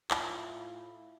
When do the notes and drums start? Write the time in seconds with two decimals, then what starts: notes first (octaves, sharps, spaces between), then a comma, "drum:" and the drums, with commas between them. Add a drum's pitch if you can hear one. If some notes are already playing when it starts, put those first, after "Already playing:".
0.11 A2 E4 F4, drum: clap